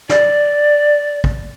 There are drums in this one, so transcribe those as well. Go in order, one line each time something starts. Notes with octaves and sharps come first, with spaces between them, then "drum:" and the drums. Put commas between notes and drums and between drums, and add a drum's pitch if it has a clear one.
D5, drum: snare
drum: kick